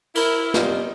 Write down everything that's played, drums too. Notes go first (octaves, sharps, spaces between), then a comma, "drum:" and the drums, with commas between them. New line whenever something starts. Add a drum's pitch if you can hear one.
E4 A#4, drum: cymbal
F#2 C3 G3 D#4 F4 D#5, drum: snare